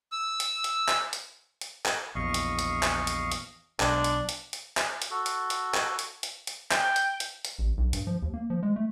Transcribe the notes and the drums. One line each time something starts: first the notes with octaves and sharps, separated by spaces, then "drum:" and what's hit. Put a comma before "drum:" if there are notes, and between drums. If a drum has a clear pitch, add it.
E6
drum: hi-hat
drum: hi-hat
drum: clap
drum: hi-hat
drum: hi-hat
drum: clap
A#1 E2 D#5 F5 C#6
drum: hi-hat
drum: hi-hat
drum: clap
drum: hi-hat
drum: hi-hat
B1 G#3 D4, drum: clap
drum: hi-hat
drum: hi-hat
drum: hi-hat
drum: clap
drum: hi-hat
F#4 A4
drum: hi-hat
drum: hi-hat
drum: clap
drum: hi-hat
drum: hi-hat
drum: hi-hat
G5, drum: clap
drum: hi-hat
drum: hi-hat
drum: hi-hat
A1
B1
G2, drum: hi-hat
F3
D#2
A#3
F3
G#3
A3